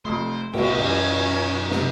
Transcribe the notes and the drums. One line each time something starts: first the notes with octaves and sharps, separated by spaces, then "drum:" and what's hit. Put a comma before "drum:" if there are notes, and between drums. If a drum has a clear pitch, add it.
F1 F2 A3 C5 C6
C2 A2 A3 B3 C#4 F#4 G5, drum: cymbal
F#2 B2 E3 C#4 D#4 G4
C3, drum: snare